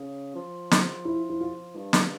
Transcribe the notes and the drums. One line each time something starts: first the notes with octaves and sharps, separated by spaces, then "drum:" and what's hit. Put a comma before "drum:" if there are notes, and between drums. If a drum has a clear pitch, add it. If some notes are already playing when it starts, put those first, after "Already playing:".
Already playing: C#3
F3
drum: snare
E4
E4
F4
G2
drum: snare